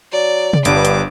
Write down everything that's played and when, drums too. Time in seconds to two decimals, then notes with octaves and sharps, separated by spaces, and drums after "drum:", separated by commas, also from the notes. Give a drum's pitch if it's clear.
0.12 F#3 D5
0.53 drum: tom C3
0.65 G1 G2 B3 D4 D6, drum: hi-hat
0.85 drum: hi-hat